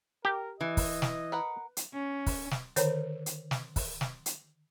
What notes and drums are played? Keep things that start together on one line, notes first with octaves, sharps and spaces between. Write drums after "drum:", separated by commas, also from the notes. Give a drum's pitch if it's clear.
G4 A#4
E3 D#5
drum: kick, open hi-hat
drum: snare
A#4 B4 F#5
drum: hi-hat
C#4
drum: kick, open hi-hat
drum: snare
D3 D#3 C5 C#5, drum: hi-hat
drum: hi-hat
drum: snare
drum: kick, open hi-hat
drum: snare
drum: hi-hat